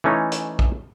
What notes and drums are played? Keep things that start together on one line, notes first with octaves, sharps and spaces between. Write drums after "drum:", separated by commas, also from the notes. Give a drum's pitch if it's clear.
E3 A3 C#4 D#4
drum: hi-hat
drum: kick A#1